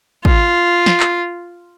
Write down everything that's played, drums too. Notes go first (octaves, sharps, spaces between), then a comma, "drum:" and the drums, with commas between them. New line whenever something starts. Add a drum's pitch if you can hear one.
F4, drum: kick
drum: snare
drum: clap